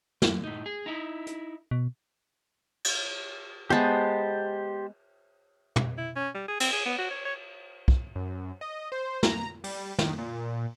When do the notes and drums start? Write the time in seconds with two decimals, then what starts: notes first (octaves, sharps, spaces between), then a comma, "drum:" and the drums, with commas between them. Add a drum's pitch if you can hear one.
0.22 F#2, drum: snare
0.44 A2 D#4
0.66 G#4
0.86 D#4 E4
1.27 drum: hi-hat
1.71 B2
2.84 drum: cymbal
3.70 G#3 B3 G4 C5 A5
5.76 drum: tom
5.97 E4
6.16 C#4
6.34 G3
6.48 G#4
6.60 C4, drum: cymbal
6.72 G#4
6.85 B3
6.98 F#4
7.10 C#5
7.25 C#5
7.88 drum: kick
8.15 F#2
8.61 D#5
8.92 C5
9.23 A#5, drum: snare
9.64 G3, drum: open hi-hat
9.99 D#3, drum: snare
10.18 A#2